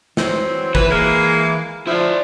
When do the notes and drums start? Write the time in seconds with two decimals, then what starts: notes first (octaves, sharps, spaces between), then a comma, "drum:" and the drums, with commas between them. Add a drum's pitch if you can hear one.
0.17 E3 F#3 C4, drum: snare
0.75 E3 B4, drum: kick
0.89 G#3 A#3
1.87 F3 E4 D5